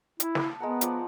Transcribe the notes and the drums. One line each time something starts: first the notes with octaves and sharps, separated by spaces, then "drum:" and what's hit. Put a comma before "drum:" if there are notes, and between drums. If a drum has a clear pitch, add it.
E4, drum: hi-hat
drum: snare
A5
G#3 B3 A#4 F#5
F3 D5 F#5, drum: hi-hat